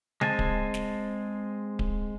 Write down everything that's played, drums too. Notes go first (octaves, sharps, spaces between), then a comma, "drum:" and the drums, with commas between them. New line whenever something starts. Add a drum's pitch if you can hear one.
G#3 C4 G#5 A5, drum: tom C#3
drum: kick D1
drum: snare
drum: kick D1